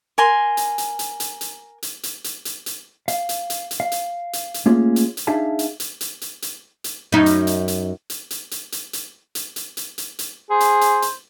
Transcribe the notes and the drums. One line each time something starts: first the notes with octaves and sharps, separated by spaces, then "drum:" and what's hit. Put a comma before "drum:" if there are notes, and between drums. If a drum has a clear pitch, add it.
A#4 G#5 C6
drum: hi-hat
drum: hi-hat
drum: hi-hat
drum: hi-hat
drum: hi-hat
drum: hi-hat
drum: hi-hat
drum: hi-hat
drum: hi-hat
drum: hi-hat
F5, drum: hi-hat
drum: hi-hat
drum: hi-hat
drum: hi-hat
F5
drum: hi-hat
drum: hi-hat
drum: hi-hat
A3 A#3 C#4 F4 G#4
drum: hi-hat
drum: hi-hat
D4 D#4 G#4 E5 F5 A5
drum: hi-hat
drum: hi-hat
drum: hi-hat
drum: hi-hat
drum: hi-hat
drum: hi-hat
F#2 D#4
drum: hi-hat
drum: hi-hat
drum: hi-hat
drum: hi-hat
drum: hi-hat
drum: hi-hat
drum: hi-hat
drum: hi-hat
drum: hi-hat
drum: hi-hat
drum: hi-hat
drum: hi-hat
drum: hi-hat
G#4 C5
drum: hi-hat
drum: hi-hat
drum: hi-hat